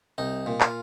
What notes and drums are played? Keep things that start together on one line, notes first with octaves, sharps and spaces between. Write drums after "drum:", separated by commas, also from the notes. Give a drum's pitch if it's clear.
C2 D#4
A#2
F4, drum: clap